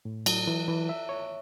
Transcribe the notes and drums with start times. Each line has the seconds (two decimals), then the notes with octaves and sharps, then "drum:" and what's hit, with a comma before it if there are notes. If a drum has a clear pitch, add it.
0.05 A2
0.26 F#3, drum: cymbal
0.47 E3
0.68 E3
0.89 E5
1.09 C#5